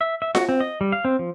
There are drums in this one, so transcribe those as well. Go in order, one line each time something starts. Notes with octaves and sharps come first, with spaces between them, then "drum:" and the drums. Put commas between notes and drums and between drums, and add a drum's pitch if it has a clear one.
E5
E5
F#4, drum: snare F4
C4
D#5
G3
F5
C4
F3